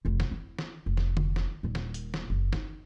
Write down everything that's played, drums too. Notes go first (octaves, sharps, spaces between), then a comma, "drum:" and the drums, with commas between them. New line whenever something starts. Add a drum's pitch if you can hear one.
F1 E2
drum: snare
E4
drum: snare
F1
drum: snare
drum: tom D3
drum: snare
D#1 A#2
drum: snare
drum: hi-hat
drum: snare
F#1
D#4, drum: snare